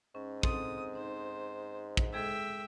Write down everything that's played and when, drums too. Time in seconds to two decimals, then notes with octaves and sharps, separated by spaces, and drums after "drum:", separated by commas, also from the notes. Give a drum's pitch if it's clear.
0.15 G#2 C#4
0.43 C4 A4 D#6, drum: kick
0.95 D#4 C5
1.97 drum: kick
2.13 G#3 G#4 A4 E5 G5